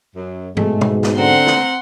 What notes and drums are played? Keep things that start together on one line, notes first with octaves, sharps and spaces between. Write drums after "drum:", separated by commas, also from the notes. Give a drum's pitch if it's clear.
F#2
G#2 B2 G#3 A3, drum: tom G2
drum: tom
drum: snare
D3 C4 F#5 A#5 C6
drum: snare